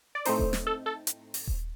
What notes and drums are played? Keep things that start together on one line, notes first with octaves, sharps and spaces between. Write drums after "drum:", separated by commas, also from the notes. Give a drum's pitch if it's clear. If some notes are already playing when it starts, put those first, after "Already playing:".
D5
A2 A3 C4 D#4 C5, drum: open hi-hat
drum: kick D#1
drum: snare
A4
A4
drum: hi-hat
drum: open hi-hat
drum: kick D#1